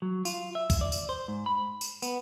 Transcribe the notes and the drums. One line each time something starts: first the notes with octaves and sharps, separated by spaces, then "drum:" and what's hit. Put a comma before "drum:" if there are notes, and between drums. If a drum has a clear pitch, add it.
F#3
F4, drum: tambourine
E5
drum: kick, tambourine
D5
drum: tambourine
C5
G#2
B5
drum: tambourine
B3, drum: tambourine